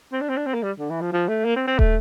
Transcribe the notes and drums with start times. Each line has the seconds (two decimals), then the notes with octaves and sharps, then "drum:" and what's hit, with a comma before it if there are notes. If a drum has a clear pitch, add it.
0.12 C4
0.22 D4
0.29 C4
0.37 D4
0.46 C4
0.54 A#3
0.63 G3
0.79 D3
0.90 E3
1.01 F3
1.13 F3
1.28 A3
1.45 A#3
1.56 C4
1.67 C4
1.79 A3, drum: kick